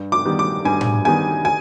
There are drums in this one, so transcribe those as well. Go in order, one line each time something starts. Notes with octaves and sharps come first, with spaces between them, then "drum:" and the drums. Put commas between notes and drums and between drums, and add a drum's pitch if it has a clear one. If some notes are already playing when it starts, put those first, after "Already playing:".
Already playing: G2
D6
D#3 G3 B3
D6
G2 G#5
drum: tom A2
D#3 G3 B3 G#5
G#5